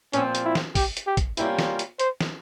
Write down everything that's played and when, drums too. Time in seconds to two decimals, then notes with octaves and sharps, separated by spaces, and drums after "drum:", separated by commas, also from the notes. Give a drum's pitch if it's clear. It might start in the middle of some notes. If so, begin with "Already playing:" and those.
0.13 A#2 F3 C4 C#4, drum: hi-hat
0.35 drum: hi-hat
0.45 E4
0.55 drum: snare
0.75 G4, drum: kick, open hi-hat
0.97 drum: hi-hat
1.07 G4
1.17 drum: kick, hi-hat
1.37 C3 G3 A#3 C#4 E4 F4, drum: hi-hat
1.59 drum: snare
1.79 drum: hi-hat
1.99 C5, drum: hi-hat
2.21 drum: snare